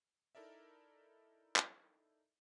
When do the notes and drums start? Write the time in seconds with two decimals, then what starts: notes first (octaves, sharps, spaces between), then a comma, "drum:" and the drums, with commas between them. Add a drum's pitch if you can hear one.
0.35 D#4 E4 A4 A#4 D5 E5
1.56 drum: clap